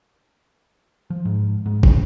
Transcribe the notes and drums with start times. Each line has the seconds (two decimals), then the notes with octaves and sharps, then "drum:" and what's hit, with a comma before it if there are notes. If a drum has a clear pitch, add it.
1.10 F3
1.25 G#2
1.66 G#2
1.83 C#3, drum: kick